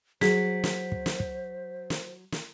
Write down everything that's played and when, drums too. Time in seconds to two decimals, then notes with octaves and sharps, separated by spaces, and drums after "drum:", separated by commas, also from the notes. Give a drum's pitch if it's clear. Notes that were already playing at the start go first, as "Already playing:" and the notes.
0.21 F#3 G#4 C5 B6, drum: snare
0.64 drum: snare
0.92 drum: kick
1.06 drum: snare
1.20 drum: kick
1.90 drum: snare
2.32 drum: snare